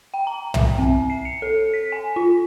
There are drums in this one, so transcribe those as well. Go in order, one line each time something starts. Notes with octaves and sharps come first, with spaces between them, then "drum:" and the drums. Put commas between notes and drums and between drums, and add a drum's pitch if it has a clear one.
G5
A#5
E5, drum: tom
C4
C7
C#7
A4
B6
G#5
F4